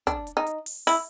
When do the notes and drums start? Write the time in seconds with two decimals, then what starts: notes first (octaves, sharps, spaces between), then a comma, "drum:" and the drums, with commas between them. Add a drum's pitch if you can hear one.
0.07 D4, drum: kick, hi-hat
0.27 drum: hi-hat
0.37 D#4
0.47 drum: hi-hat
0.66 drum: open hi-hat
0.87 E4, drum: open hi-hat